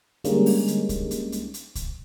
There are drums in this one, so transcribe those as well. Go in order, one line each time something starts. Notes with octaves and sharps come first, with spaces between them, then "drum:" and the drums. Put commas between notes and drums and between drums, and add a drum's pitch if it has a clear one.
D3 G3 G#3 A#3 C#4 D#4, drum: hi-hat
drum: open hi-hat
drum: hi-hat
drum: kick C2, hi-hat
drum: hi-hat
drum: hi-hat
drum: hi-hat
drum: kick C2, hi-hat